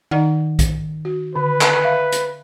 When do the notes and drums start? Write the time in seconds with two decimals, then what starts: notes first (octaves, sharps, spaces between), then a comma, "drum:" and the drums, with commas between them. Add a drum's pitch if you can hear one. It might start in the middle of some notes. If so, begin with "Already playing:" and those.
0.11 D#3 D#4 D5 F#5
0.59 drum: kick A#1, hi-hat
1.05 F#4
1.36 D3 B4
1.61 drum: clap
1.84 E5 F5
2.12 drum: hi-hat